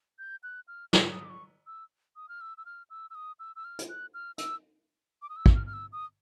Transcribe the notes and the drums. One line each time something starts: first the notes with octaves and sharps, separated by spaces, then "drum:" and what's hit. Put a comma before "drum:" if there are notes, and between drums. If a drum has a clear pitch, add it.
G6
F#6
F6
E6, drum: snare
D#6
D6
C#6
E6
D#6
F6
E6
E6
F6
E6
E6
D#6
E6
E6
F6
drum: hi-hat
F#6
F6
E6, drum: hi-hat
D6
D#6
E6
drum: kick
F6
F6
E6
D#6